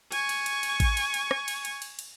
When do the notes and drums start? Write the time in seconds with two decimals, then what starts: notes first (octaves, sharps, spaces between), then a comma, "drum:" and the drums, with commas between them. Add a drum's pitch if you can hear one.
0.12 G#5 C#6, drum: cymbal
0.29 drum: cymbal
0.46 drum: cymbal
0.63 drum: cymbal
0.80 drum: kick A1, cymbal
0.97 drum: cymbal
1.14 drum: cymbal
1.31 drum: rim click
1.48 drum: cymbal
1.65 drum: cymbal
1.82 drum: cymbal
1.99 drum: cymbal